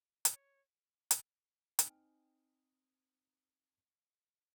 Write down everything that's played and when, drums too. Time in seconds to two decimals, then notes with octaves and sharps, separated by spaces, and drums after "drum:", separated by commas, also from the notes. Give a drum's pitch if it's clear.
0.25 C#5, drum: hi-hat
1.11 drum: hi-hat
1.79 C4 D#4 G5 G#5 F6, drum: hi-hat